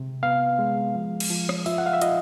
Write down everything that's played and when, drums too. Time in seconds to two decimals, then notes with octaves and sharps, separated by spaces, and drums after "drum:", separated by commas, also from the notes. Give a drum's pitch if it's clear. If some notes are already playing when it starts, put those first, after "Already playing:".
Already playing: C3
0.23 B3 F5
0.59 G#3
0.95 F3
1.20 drum: cymbal
1.30 F3
1.49 drum: rim click
1.66 F4 E5, drum: open hi-hat
1.78 F#5
1.86 F5
1.93 E5
2.01 F4 D#5, drum: hi-hat